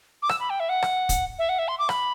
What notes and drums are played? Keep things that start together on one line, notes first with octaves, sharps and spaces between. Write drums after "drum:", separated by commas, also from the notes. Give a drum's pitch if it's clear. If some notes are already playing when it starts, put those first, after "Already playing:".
D6
E6, drum: rim click
B5
G5
E5
F#5
drum: rim click
drum: kick, hi-hat
E5
F#5
E5
C6
D6
B5, drum: rim click